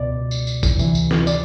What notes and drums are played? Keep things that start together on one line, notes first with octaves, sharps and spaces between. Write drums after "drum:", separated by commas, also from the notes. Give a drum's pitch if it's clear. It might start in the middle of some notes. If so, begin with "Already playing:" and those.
Already playing: C#2 B2 D5
drum: tambourine
drum: tambourine
drum: kick, tambourine
D2 C3 E3, drum: tambourine
drum: tambourine
drum: snare
D5, drum: tambourine